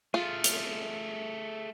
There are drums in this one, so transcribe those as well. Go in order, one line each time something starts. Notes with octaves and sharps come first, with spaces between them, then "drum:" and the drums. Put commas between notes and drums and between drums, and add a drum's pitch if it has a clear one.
A3 F4 G#4
drum: hi-hat